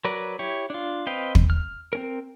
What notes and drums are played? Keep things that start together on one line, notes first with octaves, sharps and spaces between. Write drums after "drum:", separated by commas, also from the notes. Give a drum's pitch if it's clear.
F#3 A#4 B4 D5
E4 G4 C#5
D4 F4
C4 B4 D#5 F5 G5
drum: kick
F6
C4 C#4 A#4